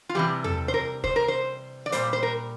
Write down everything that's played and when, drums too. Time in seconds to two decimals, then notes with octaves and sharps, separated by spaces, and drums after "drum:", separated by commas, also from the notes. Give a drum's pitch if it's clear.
0.09 F4
0.15 C3 E3 G3 G4
0.44 A4, drum: tom E2
0.68 C5
0.74 A#4
1.04 C5, drum: kick
1.16 A#4
1.28 C5
1.86 D5
1.92 A#2 G3 C5, drum: hi-hat
2.13 C5
2.23 A#4